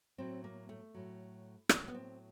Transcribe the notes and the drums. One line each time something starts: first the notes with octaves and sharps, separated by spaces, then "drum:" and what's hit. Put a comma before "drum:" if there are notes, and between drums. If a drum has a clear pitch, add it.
A2 F#3 C4
A#3
A3
A2 F#3
A2 F#3 A3, drum: rim click
B3
C4